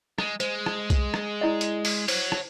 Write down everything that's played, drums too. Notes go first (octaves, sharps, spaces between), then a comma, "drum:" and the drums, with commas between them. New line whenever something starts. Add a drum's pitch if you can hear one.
G#3, drum: rim click
G#3 C5, drum: hi-hat
drum: rim click
drum: kick B1, hi-hat
drum: rim click
E4 D5 D#5
drum: hi-hat
drum: open hi-hat
C5 C#5 F#5, drum: open hi-hat
drum: rim click